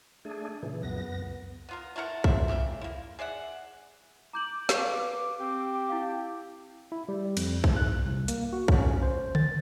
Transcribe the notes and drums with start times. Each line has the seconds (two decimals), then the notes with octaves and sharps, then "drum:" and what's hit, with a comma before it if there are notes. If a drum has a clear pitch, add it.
0.25 A3 D4 G#4
0.63 A#2 C#3 E3
0.83 C#2 F#2 B3 A#6
1.69 B3 F4 A#4
1.96 A3 E4 A#4 F#5
2.24 C5 E5, drum: kick
2.48 C#3 G4 E5 G5
2.81 A#3 E4
3.19 G#4 D5 E5 F#5
4.33 A#5 D6 G6 F#7
4.69 B4 F5 C#6, drum: snare
5.40 C4 G4
5.89 E4 F5
6.92 E4
7.08 G3
7.37 F2, drum: cymbal
7.64 G#2, drum: kick
7.76 F#6
8.06 C2
8.28 A#3, drum: hi-hat
8.53 F#4
8.68 drum: kick
8.79 C#4
9.02 C5
9.35 A6, drum: tom C#3